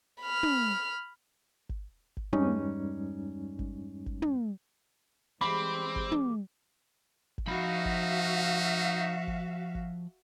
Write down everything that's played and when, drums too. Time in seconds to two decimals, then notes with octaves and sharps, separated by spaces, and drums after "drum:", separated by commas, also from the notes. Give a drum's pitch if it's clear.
0.22 B5 F6
0.43 drum: tom
1.69 drum: kick G#1
2.17 drum: kick G#1
2.33 E2 G2 G3 G#3 C#4 D#4, drum: tom
3.59 drum: kick G#1
4.06 drum: kick G#1
4.22 drum: tom
5.41 E3 G3 G#3 C4 B5 D6
5.96 drum: kick G#1
6.12 drum: tom
7.38 drum: kick G#1
7.47 F3 D#4 F#4 E5 F5 B5
7.85 drum: kick G#1
9.27 drum: kick G#1
9.75 drum: kick G#1